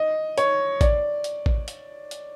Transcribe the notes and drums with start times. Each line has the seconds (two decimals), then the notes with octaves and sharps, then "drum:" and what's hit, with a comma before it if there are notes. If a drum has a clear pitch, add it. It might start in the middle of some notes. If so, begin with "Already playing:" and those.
Already playing: D#5
0.38 C#5, drum: hi-hat
0.81 D5, drum: kick A1, hi-hat
1.24 drum: hi-hat
1.46 drum: kick A1
1.68 drum: hi-hat
2.11 drum: hi-hat